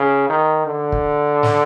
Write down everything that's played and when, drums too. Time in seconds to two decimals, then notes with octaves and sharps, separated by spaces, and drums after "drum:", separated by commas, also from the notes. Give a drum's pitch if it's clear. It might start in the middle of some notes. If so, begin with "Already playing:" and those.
Already playing: C#3
0.29 D#3
0.66 D3
0.92 drum: kick
1.43 drum: snare